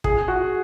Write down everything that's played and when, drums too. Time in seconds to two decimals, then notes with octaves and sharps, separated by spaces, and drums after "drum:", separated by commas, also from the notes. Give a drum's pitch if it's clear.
0.04 G#4, drum: kick
0.28 F#4